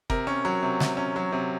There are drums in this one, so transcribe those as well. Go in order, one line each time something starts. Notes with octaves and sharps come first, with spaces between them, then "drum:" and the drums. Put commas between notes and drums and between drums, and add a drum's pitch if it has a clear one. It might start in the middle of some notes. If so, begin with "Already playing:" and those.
C3 A#4, drum: kick
C#4
F#3
C3
C3, drum: snare
C#4
F#3
C3